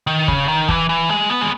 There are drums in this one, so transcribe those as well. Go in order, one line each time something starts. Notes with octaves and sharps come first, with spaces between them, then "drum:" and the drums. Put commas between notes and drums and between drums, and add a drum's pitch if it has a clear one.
D#3
C#3, drum: kick
D#3
E3, drum: kick
E3
G#3
B3
G#3